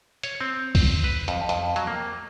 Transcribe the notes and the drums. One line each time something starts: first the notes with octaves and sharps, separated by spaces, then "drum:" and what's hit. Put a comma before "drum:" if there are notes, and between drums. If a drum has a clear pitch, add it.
C#5, drum: hi-hat
C4
drum: kick, open hi-hat
B4
F2, drum: hi-hat
F2, drum: hi-hat
F#3, drum: hi-hat
A#3